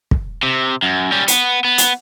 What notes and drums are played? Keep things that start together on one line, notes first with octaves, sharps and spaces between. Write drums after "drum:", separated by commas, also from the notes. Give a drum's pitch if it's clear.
drum: kick
C3
F#2
G3 C#4
B3, drum: hi-hat
B3
drum: hi-hat